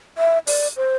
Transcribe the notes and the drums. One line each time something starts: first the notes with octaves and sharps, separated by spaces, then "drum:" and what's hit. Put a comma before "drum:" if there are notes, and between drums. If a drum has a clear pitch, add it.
E5
D5, drum: open hi-hat
C5